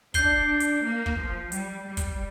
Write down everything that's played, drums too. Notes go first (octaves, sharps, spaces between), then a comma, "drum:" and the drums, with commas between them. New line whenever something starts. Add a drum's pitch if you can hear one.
D4 G6 C7 G7, drum: kick, hi-hat
drum: hi-hat
A#3
drum: kick
F3
G3, drum: hi-hat
G3
drum: kick, hi-hat